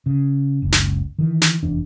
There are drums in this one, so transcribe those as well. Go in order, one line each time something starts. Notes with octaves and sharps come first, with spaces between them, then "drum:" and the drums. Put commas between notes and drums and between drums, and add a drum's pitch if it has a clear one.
C#3
F#1 C#2
drum: snare
D#3 E3
drum: snare
F1 E2 D4